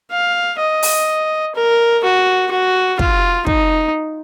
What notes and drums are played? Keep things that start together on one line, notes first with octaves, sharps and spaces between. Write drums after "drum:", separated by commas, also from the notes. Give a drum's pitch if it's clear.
F5
D#5
drum: open hi-hat
A#4
F#4
F#4
F4, drum: kick
D#4, drum: kick